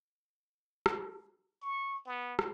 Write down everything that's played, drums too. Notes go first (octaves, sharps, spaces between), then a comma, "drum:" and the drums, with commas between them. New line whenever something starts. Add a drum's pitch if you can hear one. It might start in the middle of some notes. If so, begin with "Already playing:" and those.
drum: rim click
C#6
B3
drum: rim click